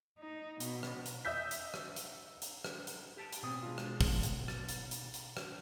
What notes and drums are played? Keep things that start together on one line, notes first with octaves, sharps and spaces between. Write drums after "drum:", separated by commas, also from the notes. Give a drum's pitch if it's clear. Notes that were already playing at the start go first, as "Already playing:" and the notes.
D#4
B2, drum: hi-hat
drum: rim click
drum: hi-hat
D#5 E5 E6 G6 B6
drum: hi-hat
drum: rim click
drum: hi-hat
drum: hi-hat
drum: rim click
drum: hi-hat
G4 A5
drum: hi-hat
A1 B2 C4 D#6
G#3 D4 F4
drum: rim click
drum: kick, open hi-hat
drum: hi-hat
A6, drum: rim click
drum: hi-hat
drum: hi-hat
drum: hi-hat
drum: rim click